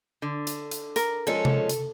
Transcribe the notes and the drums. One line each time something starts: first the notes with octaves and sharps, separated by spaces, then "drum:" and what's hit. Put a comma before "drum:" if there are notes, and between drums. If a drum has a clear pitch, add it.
D3
drum: hi-hat
drum: hi-hat
A#4, drum: hi-hat
F3 G#3 C#4 A4
drum: tom C3
drum: hi-hat